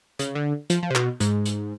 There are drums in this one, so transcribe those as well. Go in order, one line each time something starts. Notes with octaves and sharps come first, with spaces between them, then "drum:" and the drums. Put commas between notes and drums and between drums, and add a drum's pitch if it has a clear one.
C#3, drum: hi-hat
D3
F3, drum: hi-hat
F3
C3
B2, drum: clap
G#2, drum: hi-hat
drum: hi-hat